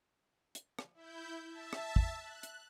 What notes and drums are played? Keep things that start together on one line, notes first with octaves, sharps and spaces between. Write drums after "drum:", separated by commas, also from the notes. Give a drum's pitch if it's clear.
drum: hi-hat
drum: rim click
E4 G6
E5 A5
drum: rim click
drum: kick
F#6
drum: hi-hat